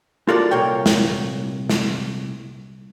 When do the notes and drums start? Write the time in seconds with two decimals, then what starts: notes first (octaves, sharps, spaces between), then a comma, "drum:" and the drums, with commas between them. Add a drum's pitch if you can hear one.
0.29 F4 F#4 A4 A#4 D5
0.51 C2 A#2 A#4 C#5 G5
0.86 drum: snare
1.69 drum: snare